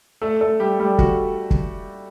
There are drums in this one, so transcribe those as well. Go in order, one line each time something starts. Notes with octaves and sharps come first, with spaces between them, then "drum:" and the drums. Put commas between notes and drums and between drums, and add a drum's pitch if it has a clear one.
A3 A4
A3 A4
G3 G4
G3 G4
F#4, drum: kick
drum: kick